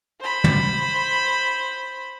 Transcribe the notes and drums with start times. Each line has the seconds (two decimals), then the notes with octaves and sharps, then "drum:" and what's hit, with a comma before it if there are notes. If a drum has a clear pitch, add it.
0.21 C5 B5
0.44 drum: tom